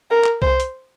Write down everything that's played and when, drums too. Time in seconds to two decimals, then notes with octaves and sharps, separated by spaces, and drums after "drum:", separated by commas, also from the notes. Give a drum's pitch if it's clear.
0.11 A#4
0.24 drum: clap
0.42 C5, drum: kick C2
0.60 drum: hi-hat